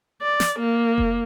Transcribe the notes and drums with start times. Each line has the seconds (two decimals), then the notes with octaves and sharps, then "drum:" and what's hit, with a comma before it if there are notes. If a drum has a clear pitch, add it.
0.22 D5
0.40 drum: snare
0.59 A#3
0.98 drum: kick F1